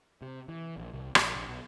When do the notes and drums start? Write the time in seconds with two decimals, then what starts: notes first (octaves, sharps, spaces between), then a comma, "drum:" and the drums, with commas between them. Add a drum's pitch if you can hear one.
0.22 C3
0.48 E3
0.77 A#1
0.94 C2
1.15 A#1, drum: rim click
1.35 A#1
1.48 B1